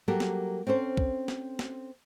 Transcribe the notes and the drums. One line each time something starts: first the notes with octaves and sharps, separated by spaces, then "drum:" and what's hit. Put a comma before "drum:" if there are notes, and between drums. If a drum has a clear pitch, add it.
F#3 G3 A#3 G4 A4 A#4
drum: snare
C4 C#4 A4 C5
drum: kick
drum: snare
drum: snare